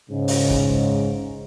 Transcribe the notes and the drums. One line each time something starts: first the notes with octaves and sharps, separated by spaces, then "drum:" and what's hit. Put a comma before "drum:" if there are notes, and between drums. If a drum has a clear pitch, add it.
G#2 C#3
drum: open hi-hat
drum: kick